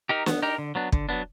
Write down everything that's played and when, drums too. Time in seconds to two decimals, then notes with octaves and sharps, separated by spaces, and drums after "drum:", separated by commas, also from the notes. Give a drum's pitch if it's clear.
0.09 D#4 G4 A#4
0.26 B3, drum: snare
0.42 D#4 G4 A#4
0.58 D3
0.75 F#3 B3 D4
0.92 D3, drum: kick
1.09 F#3 B3 D4